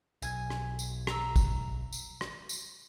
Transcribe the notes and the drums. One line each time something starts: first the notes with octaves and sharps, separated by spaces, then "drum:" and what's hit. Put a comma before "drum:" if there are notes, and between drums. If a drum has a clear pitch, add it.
B1 G#5, drum: tambourine
drum: rim click
drum: tambourine
A#5 E6, drum: rim click
drum: kick, tambourine
drum: tambourine
drum: rim click
drum: tambourine